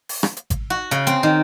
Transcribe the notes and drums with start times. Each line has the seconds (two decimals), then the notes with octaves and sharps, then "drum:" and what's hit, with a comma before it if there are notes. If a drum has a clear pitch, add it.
0.09 drum: open hi-hat
0.23 drum: rim click
0.37 drum: hi-hat
0.50 drum: kick G#1, hi-hat
0.70 F#4
0.91 C#3, drum: hi-hat
1.07 C4, drum: hi-hat
1.23 D#3